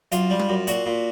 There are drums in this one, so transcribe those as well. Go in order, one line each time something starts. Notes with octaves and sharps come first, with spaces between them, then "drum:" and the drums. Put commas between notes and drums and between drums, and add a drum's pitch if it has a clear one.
F#2 F4, drum: hi-hat
G3
drum: tom G3
F#2
A#2 F#4, drum: hi-hat
A#2